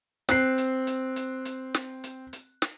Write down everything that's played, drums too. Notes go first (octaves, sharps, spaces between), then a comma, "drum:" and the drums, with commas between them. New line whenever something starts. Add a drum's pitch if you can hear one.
C4 F#6 C7, drum: snare
drum: hi-hat
drum: hi-hat
drum: hi-hat
drum: hi-hat
drum: snare
drum: hi-hat
drum: hi-hat
drum: snare